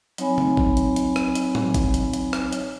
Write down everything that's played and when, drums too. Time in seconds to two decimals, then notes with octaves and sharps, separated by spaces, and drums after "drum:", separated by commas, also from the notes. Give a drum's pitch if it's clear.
0.18 F#3 C4 D#4 C#5 G#5 B5, drum: hi-hat
0.38 drum: tom
0.57 drum: kick
0.77 drum: hi-hat
0.96 drum: hi-hat
1.16 drum: rim click
1.35 drum: hi-hat
1.55 drum: tom
1.74 drum: kick, hi-hat
1.94 drum: hi-hat
2.13 drum: hi-hat
2.33 drum: rim click
2.53 drum: hi-hat